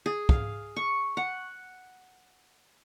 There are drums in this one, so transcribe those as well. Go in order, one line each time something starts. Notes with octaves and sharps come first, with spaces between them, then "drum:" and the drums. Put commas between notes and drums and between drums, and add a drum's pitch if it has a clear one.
G#4
F5, drum: kick
C#6
F#5